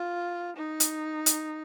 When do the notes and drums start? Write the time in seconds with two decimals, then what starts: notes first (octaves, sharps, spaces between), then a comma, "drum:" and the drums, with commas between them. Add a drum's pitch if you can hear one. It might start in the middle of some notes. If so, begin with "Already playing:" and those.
Already playing: F4
0.57 D#4
0.80 drum: hi-hat
1.26 drum: hi-hat